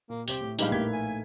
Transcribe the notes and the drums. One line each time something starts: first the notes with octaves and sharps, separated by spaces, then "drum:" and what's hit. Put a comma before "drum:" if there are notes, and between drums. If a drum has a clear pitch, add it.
A#2 A#3
C2 G4 C5 D6, drum: tambourine
A2
A#1 G3 G#3 D#4 G4 B4 F5, drum: tambourine
A#1 A2 A3 A#3 E4 G4 G#6 B6
G#5